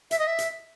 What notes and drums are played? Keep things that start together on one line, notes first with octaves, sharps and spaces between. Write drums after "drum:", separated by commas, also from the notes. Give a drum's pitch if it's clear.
E5, drum: hi-hat
D#5
E5
drum: hi-hat